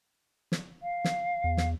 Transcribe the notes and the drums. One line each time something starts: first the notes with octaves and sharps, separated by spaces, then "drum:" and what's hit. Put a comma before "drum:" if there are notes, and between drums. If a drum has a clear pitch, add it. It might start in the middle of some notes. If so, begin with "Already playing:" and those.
drum: snare
F5
drum: snare
E2
drum: snare